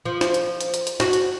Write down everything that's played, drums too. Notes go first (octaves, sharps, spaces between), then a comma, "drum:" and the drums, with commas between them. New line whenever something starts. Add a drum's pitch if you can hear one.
F3
drum: snare
drum: hi-hat
drum: hi-hat
drum: hi-hat
drum: hi-hat
F#4, drum: snare
drum: hi-hat